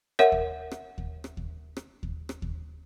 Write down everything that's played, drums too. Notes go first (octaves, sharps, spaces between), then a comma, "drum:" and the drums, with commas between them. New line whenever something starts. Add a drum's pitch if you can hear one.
A#4 C#5 E5 F#5, drum: rim click
drum: kick D#2
drum: rim click
drum: kick D#2
drum: rim click
drum: kick D#2
drum: rim click
drum: kick D#2
drum: rim click
drum: kick D#2